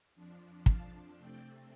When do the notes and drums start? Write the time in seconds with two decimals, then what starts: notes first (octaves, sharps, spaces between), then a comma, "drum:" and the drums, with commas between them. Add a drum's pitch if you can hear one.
0.15 F2 F3 D4
0.66 F5 A5, drum: kick
1.17 C3 A3 C4 D5 G5